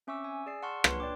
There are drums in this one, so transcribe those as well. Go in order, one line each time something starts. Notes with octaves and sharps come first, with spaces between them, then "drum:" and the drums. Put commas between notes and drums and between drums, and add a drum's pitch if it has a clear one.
C4 C#4 E5 C#6 D6 E6
G#5
G#4 D5 E6 C7
F#5 A5 C6 C#6 F6
D4 B4 C#5 C6 F#6, drum: rim click
D5 G5 D6